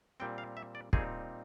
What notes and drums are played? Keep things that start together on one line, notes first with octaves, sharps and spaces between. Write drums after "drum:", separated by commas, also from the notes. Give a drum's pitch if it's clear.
A#2 G3 C4 G5
F5
E5
D5
A#2 G3 C4 D#4 G#4, drum: kick